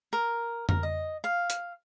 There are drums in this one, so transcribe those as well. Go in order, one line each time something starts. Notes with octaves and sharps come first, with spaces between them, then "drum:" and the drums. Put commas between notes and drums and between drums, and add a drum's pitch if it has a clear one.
A#4
A#4, drum: tom F2
D#5
F5
drum: hi-hat